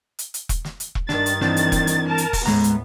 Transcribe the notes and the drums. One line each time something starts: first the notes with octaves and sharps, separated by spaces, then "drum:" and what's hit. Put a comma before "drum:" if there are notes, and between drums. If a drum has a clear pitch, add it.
drum: hi-hat
drum: hi-hat
drum: kick E1, hi-hat
drum: snare
drum: hi-hat
drum: kick E1
G2 D#3 D4 A6, drum: snare
drum: hi-hat
E3 C4 D4, drum: snare
drum: hi-hat
drum: kick E1, hi-hat
drum: hi-hat
A#4 A5
drum: hi-hat
drum: kick E1, open hi-hat
D#2 A2 G#3 B3 A#5, drum: snare
drum: hi-hat